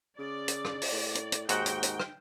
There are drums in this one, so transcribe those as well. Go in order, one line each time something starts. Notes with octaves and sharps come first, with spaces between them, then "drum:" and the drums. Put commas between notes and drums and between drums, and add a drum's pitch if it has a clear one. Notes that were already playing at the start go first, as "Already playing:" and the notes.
C#3 D5
drum: hi-hat
drum: rim click
drum: open hi-hat
A2
drum: hi-hat
drum: hi-hat
D#2 G#2 F#4 F#5 G5, drum: hi-hat
drum: hi-hat
drum: hi-hat
drum: rim click